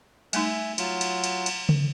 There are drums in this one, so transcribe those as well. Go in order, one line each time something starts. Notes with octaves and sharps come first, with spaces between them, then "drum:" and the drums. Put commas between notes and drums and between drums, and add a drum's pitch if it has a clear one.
G3 A3 D#4 E5 G#5, drum: cymbal
F#3 F4, drum: cymbal
drum: cymbal
drum: cymbal
drum: cymbal
drum: tom C#3